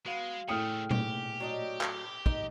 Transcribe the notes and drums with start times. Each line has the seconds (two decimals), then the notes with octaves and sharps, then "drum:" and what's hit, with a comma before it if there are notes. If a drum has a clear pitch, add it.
0.06 G#3 B3 F#4 F5 F#5
0.48 A2 C#3 A3 G#4 G5 D#6 F6 C#7
0.91 G4, drum: tom A#2
1.40 F#3 D4 D#5
1.81 drum: clap
2.26 D#4, drum: kick